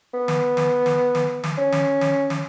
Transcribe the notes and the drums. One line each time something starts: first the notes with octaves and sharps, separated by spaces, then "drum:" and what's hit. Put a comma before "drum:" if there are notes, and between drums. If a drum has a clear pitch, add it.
B3
drum: snare
drum: snare
drum: snare
drum: snare
drum: snare
C#4
drum: snare
drum: snare
drum: snare